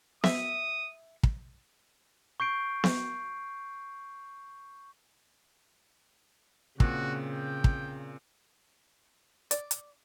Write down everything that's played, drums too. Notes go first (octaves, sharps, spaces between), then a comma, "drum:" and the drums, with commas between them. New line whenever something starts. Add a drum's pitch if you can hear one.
E5 D#6, drum: snare B3
drum: kick
C#6 G6 C7 D7
drum: snare B3
A#2 C#3 C4 F#4, drum: kick
G5
drum: kick
D5, drum: hi-hat
drum: hi-hat